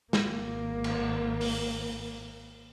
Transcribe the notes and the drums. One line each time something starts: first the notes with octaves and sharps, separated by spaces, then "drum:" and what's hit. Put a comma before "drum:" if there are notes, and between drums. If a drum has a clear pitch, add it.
G#1 A#3, drum: snare
drum: cymbal
drum: open hi-hat